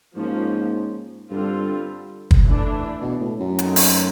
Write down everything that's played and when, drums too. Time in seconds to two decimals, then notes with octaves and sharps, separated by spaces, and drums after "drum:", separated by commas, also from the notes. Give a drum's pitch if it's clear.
0.16 G#2 F3 A#3 C#4
1.30 G2 D3 G3 C4 F4
2.31 drum: kick
2.45 E3 A3 D4
3.02 B2
3.21 A2
3.40 F#2
3.59 A3 C4 D#4, drum: hi-hat
3.76 drum: open hi-hat